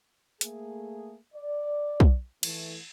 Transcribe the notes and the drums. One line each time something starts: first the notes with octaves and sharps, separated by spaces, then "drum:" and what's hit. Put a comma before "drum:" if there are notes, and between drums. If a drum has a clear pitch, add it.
A3 A#3 G#4, drum: hi-hat
D5
drum: kick
E3 A3, drum: cymbal